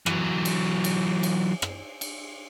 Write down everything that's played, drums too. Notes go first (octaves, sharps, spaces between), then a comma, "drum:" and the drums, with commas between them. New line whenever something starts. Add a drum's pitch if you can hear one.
E3 F#3, drum: rim click
drum: cymbal
drum: cymbal
drum: cymbal
drum: rim click
drum: cymbal